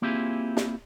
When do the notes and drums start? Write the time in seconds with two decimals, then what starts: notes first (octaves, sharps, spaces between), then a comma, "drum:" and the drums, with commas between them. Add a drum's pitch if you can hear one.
0.02 A#3 C4 E4 F4 G4 G#4
0.57 drum: snare